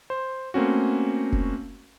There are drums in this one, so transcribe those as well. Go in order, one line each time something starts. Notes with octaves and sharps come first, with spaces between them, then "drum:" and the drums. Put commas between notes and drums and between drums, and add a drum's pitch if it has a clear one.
C5
A3 A#3 C4 C#4 F#4
drum: kick F1